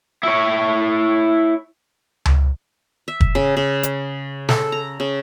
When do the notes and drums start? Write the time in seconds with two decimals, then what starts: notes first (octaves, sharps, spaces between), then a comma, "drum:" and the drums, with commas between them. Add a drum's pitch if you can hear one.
0.23 E4 C#5
2.25 drum: tom C#2
3.08 E5
3.20 drum: kick
3.35 C#3
3.57 C#3
3.83 drum: hi-hat
4.49 A4, drum: snare
4.72 A#5
5.00 C#3